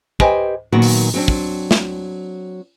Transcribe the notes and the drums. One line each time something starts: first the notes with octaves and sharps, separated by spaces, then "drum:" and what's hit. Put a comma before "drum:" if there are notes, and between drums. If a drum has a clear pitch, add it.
G4 B4 C5 D#5 G5 G#5, drum: kick
A#2 D#3 F#3 B3 F#4
drum: open hi-hat
F#3 C4 D4
drum: kick
drum: snare